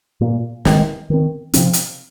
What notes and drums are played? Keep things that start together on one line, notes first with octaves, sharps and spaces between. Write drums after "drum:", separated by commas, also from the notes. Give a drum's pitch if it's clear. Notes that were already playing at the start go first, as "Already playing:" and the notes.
A#2 A#3
D#3 G#3 C4, drum: snare
D#3 C4
C3 F3 C4, drum: hi-hat
drum: hi-hat